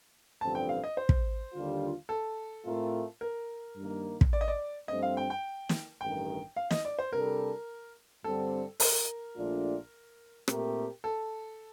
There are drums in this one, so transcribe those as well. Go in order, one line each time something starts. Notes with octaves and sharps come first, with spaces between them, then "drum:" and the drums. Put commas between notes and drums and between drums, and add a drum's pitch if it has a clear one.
A1 G2 D3 F3 C4 A5
G5
F5
D#5
C5
drum: kick
D#2 D3 G3 D4 F4
A4
A2 A3 C4 F4 A#4
A#4
G2 D#3 A#3
drum: kick
D5
D#5
D5
G2 F3 A3 C4 D#5
F5
G5
G5
drum: snare
A1 G2 D#3 G5
F5
D#5, drum: snare
D5
C5
C3 G3 D4 A4 A#4
G2 D3 G3 C4 A4
A#4, drum: open hi-hat
A#1 A#2 A3 D4 F4
A#2 A3 C4 G4 A#4, drum: rim click
A4